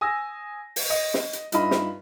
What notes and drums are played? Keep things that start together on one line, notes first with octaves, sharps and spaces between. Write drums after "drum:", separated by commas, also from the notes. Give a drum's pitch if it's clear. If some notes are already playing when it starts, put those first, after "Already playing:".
G#5 D#6 E6 A#6
drum: open hi-hat
D#5
drum: snare
drum: hi-hat
G2 D#4 F4 D#5 E5 B5, drum: hi-hat
drum: snare